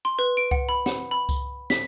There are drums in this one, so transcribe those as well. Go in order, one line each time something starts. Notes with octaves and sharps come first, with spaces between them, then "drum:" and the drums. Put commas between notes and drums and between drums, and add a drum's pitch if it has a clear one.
C6
B4
D7
F#5, drum: kick C2
B5
F#5, drum: snare
B5
drum: kick C2, tambourine
B6, drum: snare